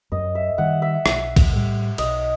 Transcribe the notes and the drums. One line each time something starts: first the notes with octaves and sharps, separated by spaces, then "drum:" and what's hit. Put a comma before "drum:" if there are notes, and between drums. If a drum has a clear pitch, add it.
F#2 D#5
E5
D#3 G3 F#5
E5
B1, drum: rim click
drum: kick, cymbal
A2 G3
B1 D#5, drum: cymbal